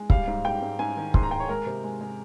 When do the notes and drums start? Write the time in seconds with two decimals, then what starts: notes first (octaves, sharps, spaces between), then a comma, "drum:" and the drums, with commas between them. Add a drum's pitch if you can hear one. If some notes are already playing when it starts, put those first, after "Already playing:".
Already playing: G#3
0.10 G3 F5, drum: kick
0.27 G#2
0.45 G3 G5
0.62 G#2
0.79 G#2 G#5
0.97 D#3
1.14 G#2 C6, drum: kick
1.23 A#5
1.31 G#2 G5
1.40 C#5
1.49 G#3 A#4
1.66 C3
1.84 G#3
2.01 G#3